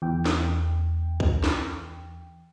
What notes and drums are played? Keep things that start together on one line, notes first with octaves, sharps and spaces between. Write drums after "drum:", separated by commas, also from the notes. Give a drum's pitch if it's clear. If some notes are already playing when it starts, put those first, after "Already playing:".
E2 G5
drum: snare
drum: kick
drum: snare